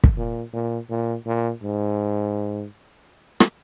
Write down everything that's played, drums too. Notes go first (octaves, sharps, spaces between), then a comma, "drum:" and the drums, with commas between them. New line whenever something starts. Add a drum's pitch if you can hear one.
drum: kick
A#2
A#2
A#2
A#2
G#2
drum: rim click